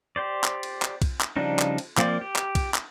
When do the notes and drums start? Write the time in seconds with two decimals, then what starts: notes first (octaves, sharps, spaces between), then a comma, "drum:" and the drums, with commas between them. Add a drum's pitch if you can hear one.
0.16 G4 C5 D5
0.44 drum: clap
0.63 drum: cymbal
0.82 drum: clap
1.02 drum: kick, cymbal
1.21 drum: clap
1.36 C#3 F3 G3 D4 D#4
1.59 drum: clap
1.78 drum: cymbal
1.98 F3 A#3 C4 D5, drum: clap
2.21 G4
2.36 drum: clap
2.55 drum: kick, cymbal
2.74 drum: clap